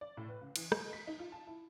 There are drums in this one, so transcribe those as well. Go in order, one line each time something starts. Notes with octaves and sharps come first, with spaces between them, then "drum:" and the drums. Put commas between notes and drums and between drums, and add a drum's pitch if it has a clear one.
D5
A2
B4
C#2
E3, drum: cymbal
D#5, drum: rim click
B6
D#4
F4
A5
E4